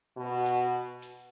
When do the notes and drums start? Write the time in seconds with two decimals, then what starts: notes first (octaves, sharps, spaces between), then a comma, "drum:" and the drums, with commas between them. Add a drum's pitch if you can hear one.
0.17 B2
0.45 drum: hi-hat
1.02 drum: hi-hat